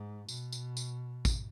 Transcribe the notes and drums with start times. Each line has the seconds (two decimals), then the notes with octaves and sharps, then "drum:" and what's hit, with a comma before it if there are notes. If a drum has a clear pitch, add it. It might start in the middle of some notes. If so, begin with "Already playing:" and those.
Already playing: G#2
0.29 B2, drum: tambourine
0.52 drum: tambourine
0.77 drum: tambourine
1.25 drum: kick, tambourine